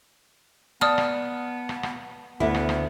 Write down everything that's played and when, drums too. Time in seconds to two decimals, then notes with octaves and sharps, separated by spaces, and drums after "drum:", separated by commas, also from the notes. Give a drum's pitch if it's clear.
0.81 B3 D5 A5 D#6 F6, drum: rim click
0.98 drum: rim click
1.69 drum: rim click
1.83 drum: rim click
2.40 D2 B3 E4
2.55 drum: rim click
2.69 drum: rim click